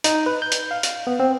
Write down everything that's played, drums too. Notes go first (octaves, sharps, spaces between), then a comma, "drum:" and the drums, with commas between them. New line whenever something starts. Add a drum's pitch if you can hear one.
D#4, drum: hi-hat
B4
G6
drum: hi-hat
F5
drum: hi-hat
B3
C4